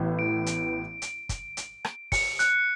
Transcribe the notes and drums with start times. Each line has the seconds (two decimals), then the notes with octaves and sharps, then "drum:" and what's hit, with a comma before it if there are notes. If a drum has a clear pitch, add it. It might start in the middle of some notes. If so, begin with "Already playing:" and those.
Already playing: A1 A2 B3
0.19 D7
0.46 drum: hi-hat
1.02 drum: hi-hat
1.29 drum: kick, hi-hat
1.57 drum: hi-hat
1.85 drum: rim click
2.12 C#7, drum: kick, open hi-hat
2.39 F#6, drum: hi-hat